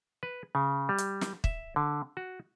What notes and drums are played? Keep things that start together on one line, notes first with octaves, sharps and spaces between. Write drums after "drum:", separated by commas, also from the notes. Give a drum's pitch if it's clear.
B4
C#3
G3
drum: hi-hat
drum: snare
E5, drum: kick
D3
F#4